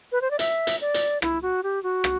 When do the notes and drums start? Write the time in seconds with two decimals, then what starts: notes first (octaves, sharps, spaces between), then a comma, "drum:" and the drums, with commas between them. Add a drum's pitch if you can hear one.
0.12 B4
0.21 C5
0.31 D5
0.39 E5, drum: hi-hat
0.67 drum: hi-hat
0.81 D5
0.94 drum: hi-hat
1.22 E4, drum: rim click
1.42 F#4
1.63 G4
1.83 F#4
2.04 drum: rim click